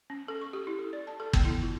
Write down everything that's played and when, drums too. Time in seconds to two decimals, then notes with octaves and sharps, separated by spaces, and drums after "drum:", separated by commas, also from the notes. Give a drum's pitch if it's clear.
0.10 C#4
0.28 A4
0.41 C#6
0.53 G4
0.67 E4
0.79 A4
0.93 D5
1.07 A5
1.20 A4
1.33 B3, drum: kick
1.45 E4
1.62 F4